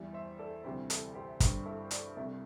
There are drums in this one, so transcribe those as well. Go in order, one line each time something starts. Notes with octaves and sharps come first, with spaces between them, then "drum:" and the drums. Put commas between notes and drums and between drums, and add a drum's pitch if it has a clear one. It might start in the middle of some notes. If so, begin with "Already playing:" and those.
Already playing: E2 E3 G3
C5 E5
A4 D5
D2 C3 E3 G3 G4 C5
E4 A4, drum: hi-hat
G4 C5
G1 G2 G3 G4 C5, drum: kick, hi-hat
E4 A4
C5
A4 D5, drum: hi-hat
C2 C3 G3 E4 A4